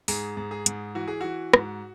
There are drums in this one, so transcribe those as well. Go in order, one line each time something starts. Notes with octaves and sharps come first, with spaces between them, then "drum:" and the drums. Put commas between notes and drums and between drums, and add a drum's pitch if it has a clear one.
G#2 G#4, drum: open hi-hat
G#2
G#4
G#2, drum: hi-hat
E3 F#4
G#4
E3 F#4
G#2, drum: rim click